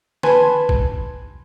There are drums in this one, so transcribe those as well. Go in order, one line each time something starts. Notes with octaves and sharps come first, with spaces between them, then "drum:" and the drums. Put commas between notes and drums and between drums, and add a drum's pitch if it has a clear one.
B4 G#5 A5 B5 C6 G#6, drum: snare
drum: kick A1